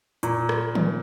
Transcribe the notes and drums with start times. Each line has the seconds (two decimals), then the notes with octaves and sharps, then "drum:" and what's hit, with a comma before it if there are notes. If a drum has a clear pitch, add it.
0.23 A#2, drum: hi-hat
0.49 drum: rim click
0.75 drum: tom D#3